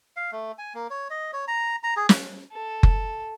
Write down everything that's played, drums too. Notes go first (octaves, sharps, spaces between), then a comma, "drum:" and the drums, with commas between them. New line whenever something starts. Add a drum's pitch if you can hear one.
F5
A3
G#5
A#3
C#5
D#5
C#5
A#5
A#5
G#4
drum: snare
A4
drum: kick F#1